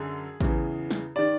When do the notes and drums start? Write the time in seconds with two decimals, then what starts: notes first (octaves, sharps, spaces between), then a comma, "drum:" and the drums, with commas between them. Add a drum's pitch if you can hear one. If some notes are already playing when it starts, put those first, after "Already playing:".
Already playing: F#2 D3 G#4
0.41 E2 C#3 E3, drum: kick, hi-hat
0.91 drum: snare
1.16 D#3 D5